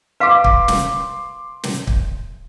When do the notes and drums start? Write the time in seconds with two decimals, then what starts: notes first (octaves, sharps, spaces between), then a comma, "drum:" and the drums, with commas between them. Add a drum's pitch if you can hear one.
0.20 B4 F5 C6 D6
0.44 drum: kick
0.68 drum: snare
1.63 drum: snare
1.87 drum: kick